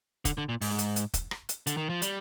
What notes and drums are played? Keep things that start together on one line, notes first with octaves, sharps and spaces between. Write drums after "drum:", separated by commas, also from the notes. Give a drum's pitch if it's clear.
D3, drum: kick, hi-hat
D3
A#2
G#2, drum: open hi-hat
drum: hi-hat
drum: hi-hat
drum: kick, hi-hat
drum: rim click
drum: hi-hat
D3, drum: hi-hat
D#3
F3
G3, drum: hi-hat